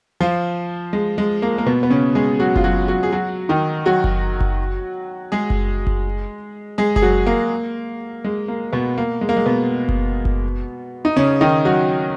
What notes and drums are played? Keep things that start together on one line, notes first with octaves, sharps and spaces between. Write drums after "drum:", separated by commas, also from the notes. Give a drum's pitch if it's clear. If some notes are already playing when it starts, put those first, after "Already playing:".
F3 F4
G#3
G#3
A#3
A#3
B2 B3
B3
C#3 C#4
G#3 G#4
F#3 F#4
F4, drum: kick F#1
F#3 F#4
F#3 F#4
G#4
F#3 F#4
D#3 D#4
F#3 F#4
drum: kick F#1
drum: kick F#1
G#3 G#4
drum: kick F#1
drum: kick F#1
G#3 G#4
G#4, drum: kick F#1
F#3 F#4
A#3
G#3
A#3
B2 B3
A#3
G#3
A#3
G#3
B2 B3
drum: kick F#1
drum: kick F#1
D#4
C#3 C#4
D#3 D#4
F#3 F#4